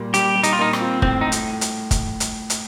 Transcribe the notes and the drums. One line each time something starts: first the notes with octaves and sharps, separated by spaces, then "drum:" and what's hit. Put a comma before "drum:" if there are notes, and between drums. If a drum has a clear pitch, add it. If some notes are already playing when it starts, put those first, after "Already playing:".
Already playing: A#2 G3 F4
G3 G4, drum: hi-hat
G3
D#4, drum: hi-hat
F4
A#2 D#4
C4, drum: rim click
F4
A2 C4, drum: kick
A2 D#4
drum: hi-hat
drum: hi-hat
drum: kick, hi-hat
drum: hi-hat
drum: hi-hat